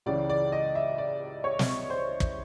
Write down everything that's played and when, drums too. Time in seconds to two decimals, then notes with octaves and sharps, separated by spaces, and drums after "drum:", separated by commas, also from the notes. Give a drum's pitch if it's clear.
0.06 C#2 C#3 E3 D5
0.30 D5
0.52 D#5
0.75 E5
0.98 D5
1.44 C#5
1.59 drum: snare
1.90 C5
2.20 drum: kick